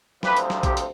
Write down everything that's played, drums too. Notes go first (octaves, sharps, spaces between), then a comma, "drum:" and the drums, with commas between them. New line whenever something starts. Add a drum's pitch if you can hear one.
D2 C3 F3 G4 B4, drum: snare
drum: hi-hat
drum: snare
G4, drum: kick, hi-hat
drum: hi-hat